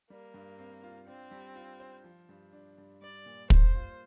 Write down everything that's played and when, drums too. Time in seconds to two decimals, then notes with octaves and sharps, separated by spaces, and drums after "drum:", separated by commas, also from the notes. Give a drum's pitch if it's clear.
0.10 G3 A#3
0.34 G2
0.59 C4
0.83 F4
1.07 C4 D4
1.31 G3
1.55 F4
1.80 C5
2.04 F3
2.29 G2
2.53 D4
2.78 G2
3.02 G3 D5
3.26 A#2
3.50 A#3 C5, drum: kick
3.75 F4